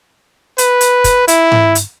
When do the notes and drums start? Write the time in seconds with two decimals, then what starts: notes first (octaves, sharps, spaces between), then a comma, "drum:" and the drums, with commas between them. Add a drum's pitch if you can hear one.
0.58 B4, drum: hi-hat
0.81 drum: hi-hat
1.04 drum: kick, hi-hat
1.28 E4, drum: hi-hat
1.52 drum: tom G#2
1.75 drum: hi-hat